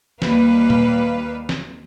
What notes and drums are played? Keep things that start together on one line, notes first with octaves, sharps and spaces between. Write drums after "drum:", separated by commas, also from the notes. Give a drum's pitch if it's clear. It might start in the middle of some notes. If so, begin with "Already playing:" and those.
D#2 G3 A#3 B4 F5, drum: snare
drum: tom A#2
drum: snare